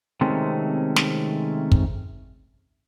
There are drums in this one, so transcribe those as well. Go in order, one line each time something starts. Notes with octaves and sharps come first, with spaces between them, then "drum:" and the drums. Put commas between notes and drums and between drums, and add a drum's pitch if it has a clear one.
C3 D#3 G#3 A3 C4 C#4
drum: snare
drum: kick